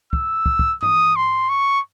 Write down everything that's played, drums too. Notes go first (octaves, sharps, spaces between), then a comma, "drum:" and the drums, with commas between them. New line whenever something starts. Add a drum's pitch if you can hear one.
E6, drum: kick
drum: kick
drum: kick
D#6, drum: tom
C6
C#6